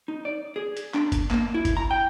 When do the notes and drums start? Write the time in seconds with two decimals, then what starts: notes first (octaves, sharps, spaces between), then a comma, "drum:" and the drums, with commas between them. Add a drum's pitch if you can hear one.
0.08 D#4
0.25 D5
0.56 G#4
0.77 drum: hi-hat
0.94 D4, drum: clap
1.12 drum: kick G1, hi-hat
1.31 A#3, drum: clap
1.54 E4
1.65 drum: kick G1, hi-hat
1.77 A#5
1.91 G5